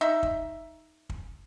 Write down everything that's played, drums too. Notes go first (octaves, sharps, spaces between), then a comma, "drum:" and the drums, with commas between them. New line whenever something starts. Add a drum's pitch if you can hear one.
D#4 E5
drum: kick
drum: kick